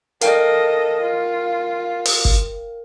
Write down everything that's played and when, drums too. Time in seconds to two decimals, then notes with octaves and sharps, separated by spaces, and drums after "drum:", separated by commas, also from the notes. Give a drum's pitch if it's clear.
0.21 A4 A#4 D#5 F5 G5, drum: hi-hat
1.02 F4
2.05 drum: open hi-hat
2.25 drum: kick G1